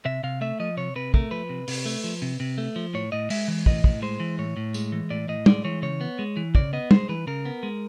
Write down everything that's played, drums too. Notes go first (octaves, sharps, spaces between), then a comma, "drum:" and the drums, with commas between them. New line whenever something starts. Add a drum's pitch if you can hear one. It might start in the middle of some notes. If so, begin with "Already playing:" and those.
C3 E5
C3 F5
A3 E5
F3 D#5
C3 C#5
C3 B4
A3 A#4, drum: kick
F3 B4
C3
C3, drum: open hi-hat
A3
F3
C3
C3
A3
F3
A2 C#5
A2 D#5
G#3 E5, drum: open hi-hat
E3
A2 D#5, drum: kick
A2, drum: kick
G#3 C5
E3
A2 C#5
A2
G#3, drum: tambourine
E3
A2 D5
A2 D#5
G#3 D5, drum: tom
E3 C#5
C#3 C#5
B3
G#3
E3
C#3 D5, drum: kick
B3 D#5
G#3 C5, drum: tom
E3 B4
C#3 A#4
B3
G#3